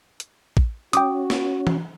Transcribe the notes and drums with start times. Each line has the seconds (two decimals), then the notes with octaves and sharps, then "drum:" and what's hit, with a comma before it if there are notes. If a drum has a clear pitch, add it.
0.20 drum: hi-hat
0.57 drum: kick A1
0.93 C#4 F#4 G5 D6 D#6, drum: hi-hat
1.30 drum: snare
1.67 drum: tom E3